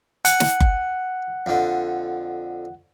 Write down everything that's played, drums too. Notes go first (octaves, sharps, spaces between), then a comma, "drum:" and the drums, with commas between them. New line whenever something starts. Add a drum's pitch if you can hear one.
F#5 G#5, drum: hi-hat
drum: snare
drum: kick F#1
F2 D3